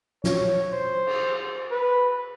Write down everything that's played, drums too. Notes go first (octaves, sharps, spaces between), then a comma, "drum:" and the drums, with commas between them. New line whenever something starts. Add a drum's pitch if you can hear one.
C#5, drum: snare
C5
drum: cymbal
B4